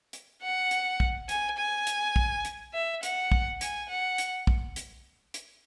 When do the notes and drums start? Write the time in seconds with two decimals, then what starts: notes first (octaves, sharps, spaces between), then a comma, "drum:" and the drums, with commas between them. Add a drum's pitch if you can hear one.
0.13 drum: hi-hat
0.43 F#5
0.71 drum: hi-hat
1.00 drum: kick
1.29 G#5, drum: hi-hat
1.57 G#5
1.87 drum: hi-hat
2.16 drum: kick
2.45 drum: hi-hat
2.74 E5
3.03 F#5, drum: hi-hat
3.32 drum: kick
3.61 G#5, drum: hi-hat
3.89 F#5
4.18 drum: hi-hat
4.47 drum: kick
4.76 drum: hi-hat
5.34 drum: hi-hat